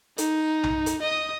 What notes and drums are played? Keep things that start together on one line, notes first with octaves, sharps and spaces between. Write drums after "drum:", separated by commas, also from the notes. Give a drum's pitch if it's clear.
D#4, drum: hi-hat
drum: tom B1
drum: hi-hat
D#5 D#6